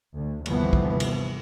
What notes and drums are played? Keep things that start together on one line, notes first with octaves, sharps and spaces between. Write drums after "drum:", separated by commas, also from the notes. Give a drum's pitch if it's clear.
D2
G1 D#2 C3 E3 F3 B3, drum: cymbal
drum: kick
drum: cymbal